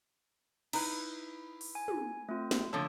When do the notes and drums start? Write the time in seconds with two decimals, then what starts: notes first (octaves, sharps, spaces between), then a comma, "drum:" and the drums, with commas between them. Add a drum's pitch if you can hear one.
0.73 D#4 E4 B4, drum: cymbal
1.61 drum: open hi-hat
1.75 G#5
1.88 drum: tom
2.29 A3 C4 F4
2.51 drum: snare
2.73 D3 F3 A3 C#5 E6